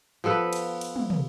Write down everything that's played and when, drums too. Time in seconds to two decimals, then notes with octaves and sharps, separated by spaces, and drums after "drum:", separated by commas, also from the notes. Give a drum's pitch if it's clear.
0.24 F3 B3 A4 B4
0.53 drum: cymbal
0.81 drum: cymbal
0.96 drum: tom
1.10 drum: tom